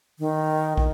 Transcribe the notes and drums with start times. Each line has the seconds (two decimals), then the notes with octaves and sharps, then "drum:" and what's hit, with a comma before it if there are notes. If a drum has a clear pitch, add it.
0.19 D#3
0.77 D#3, drum: kick